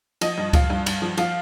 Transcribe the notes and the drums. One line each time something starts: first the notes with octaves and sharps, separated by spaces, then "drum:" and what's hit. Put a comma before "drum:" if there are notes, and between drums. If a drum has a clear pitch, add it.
F3 D#5, drum: cymbal
G2
F3 F5, drum: kick C#2, cymbal
G2
G2, drum: cymbal
F3
F3 F5, drum: cymbal